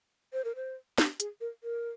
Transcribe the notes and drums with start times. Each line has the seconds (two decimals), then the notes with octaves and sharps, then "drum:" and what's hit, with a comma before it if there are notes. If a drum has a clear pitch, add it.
0.33 C5
0.45 A#4
0.56 C5
0.98 drum: snare
1.20 G#4, drum: hi-hat
1.41 A#4
1.64 A#4